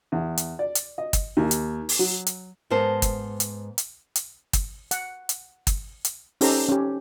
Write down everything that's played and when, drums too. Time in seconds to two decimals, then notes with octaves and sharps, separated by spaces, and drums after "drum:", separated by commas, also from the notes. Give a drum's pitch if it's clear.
0.12 E2
0.37 drum: hi-hat
0.59 D5
0.75 drum: hi-hat
0.98 D#5
1.13 drum: kick G1, hi-hat
1.37 D#2
1.51 drum: hi-hat
1.89 drum: open hi-hat
1.99 F#3
2.27 drum: hi-hat
2.70 G#2 B3 A#4 C5 A5
3.02 drum: kick G1, hi-hat
3.40 drum: hi-hat
3.78 drum: hi-hat
4.16 drum: hi-hat
4.53 drum: kick G1, hi-hat
4.91 F#5, drum: hi-hat
5.29 drum: hi-hat
5.67 drum: kick G1, hi-hat
6.05 drum: hi-hat
6.41 C#4 D#4 G4 A4 C5 A#5, drum: open hi-hat
6.69 C#4 G4